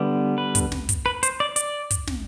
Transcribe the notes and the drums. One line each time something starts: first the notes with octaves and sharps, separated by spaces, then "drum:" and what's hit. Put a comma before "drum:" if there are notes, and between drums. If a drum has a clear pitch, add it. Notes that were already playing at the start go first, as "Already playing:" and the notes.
Already playing: D3 G3 B3
B4
drum: kick, hi-hat
drum: snare
drum: kick, hi-hat
B4
C5, drum: hi-hat
D5
D5, drum: hi-hat
drum: kick, hi-hat
drum: snare